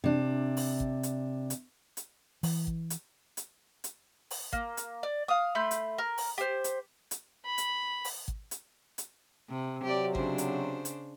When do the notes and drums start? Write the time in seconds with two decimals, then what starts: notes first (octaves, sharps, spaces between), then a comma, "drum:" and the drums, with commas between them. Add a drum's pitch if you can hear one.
0.04 C3 D4
0.57 drum: open hi-hat
0.80 drum: kick
1.03 drum: hi-hat
1.50 drum: hi-hat
1.97 drum: hi-hat
2.43 E3, drum: open hi-hat
2.67 drum: kick
2.90 drum: hi-hat
3.37 drum: hi-hat
3.84 drum: hi-hat
4.31 drum: open hi-hat
4.53 A#3, drum: kick
4.77 drum: hi-hat
5.03 D5
5.28 F5 D#6
5.55 A3 B5 C6 G6
5.71 drum: hi-hat
5.98 A#4
6.17 drum: open hi-hat
6.38 G4 C5
6.64 drum: hi-hat
7.11 drum: hi-hat
7.45 B5
7.58 drum: hi-hat
8.04 drum: open hi-hat
8.28 drum: kick
8.51 drum: hi-hat
8.98 drum: hi-hat
9.49 C3
9.84 C3 F#3 G4 D5
10.15 C#3 D4 C5, drum: kick
10.38 drum: hi-hat
10.85 drum: hi-hat